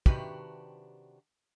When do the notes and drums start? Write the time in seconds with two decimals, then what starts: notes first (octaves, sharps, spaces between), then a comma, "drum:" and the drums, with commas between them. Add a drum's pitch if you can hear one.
0.06 C3 D#3 D4 F#4 G4 B4, drum: kick